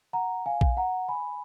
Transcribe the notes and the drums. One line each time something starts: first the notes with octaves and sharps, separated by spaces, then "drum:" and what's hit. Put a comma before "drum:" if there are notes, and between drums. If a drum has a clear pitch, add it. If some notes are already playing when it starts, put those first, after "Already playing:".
F#5 A#5
F5 G#5
drum: kick A#1
F#5 A#5
G#5 B5